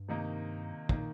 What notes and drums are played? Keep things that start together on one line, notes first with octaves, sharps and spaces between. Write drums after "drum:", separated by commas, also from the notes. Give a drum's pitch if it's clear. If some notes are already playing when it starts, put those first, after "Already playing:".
Already playing: G2
C3 D#3 A#3 D#4
A#2 D#3 A#3, drum: kick